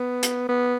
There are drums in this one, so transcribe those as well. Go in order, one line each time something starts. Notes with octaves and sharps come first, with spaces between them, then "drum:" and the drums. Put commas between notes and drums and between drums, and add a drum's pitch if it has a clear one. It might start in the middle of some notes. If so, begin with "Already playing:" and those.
Already playing: B3
drum: hi-hat
B3